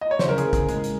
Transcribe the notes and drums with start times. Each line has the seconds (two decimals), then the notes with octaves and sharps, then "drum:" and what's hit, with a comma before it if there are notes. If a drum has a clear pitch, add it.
0.01 D#5
0.11 C#5
0.19 C#3 C5, drum: snare
0.29 A#4
0.38 G#4, drum: hi-hat
0.45 C#3
0.53 G#4, drum: kick, hi-hat
0.69 G#3, drum: hi-hat
0.84 drum: hi-hat